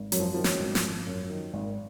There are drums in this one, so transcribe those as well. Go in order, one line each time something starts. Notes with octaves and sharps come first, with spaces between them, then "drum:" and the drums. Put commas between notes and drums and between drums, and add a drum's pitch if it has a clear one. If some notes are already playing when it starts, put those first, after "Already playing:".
Already playing: G#1
F#2 F#3, drum: hi-hat
F3
D#3 F3
F#3, drum: snare
G#1
F3, drum: snare
G#1
F#2
D#3
G#1